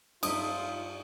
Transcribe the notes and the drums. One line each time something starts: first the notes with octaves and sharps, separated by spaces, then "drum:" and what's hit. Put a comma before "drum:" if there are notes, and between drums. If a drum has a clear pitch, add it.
G2 D#4 F4 C5 E5 D#6, drum: cymbal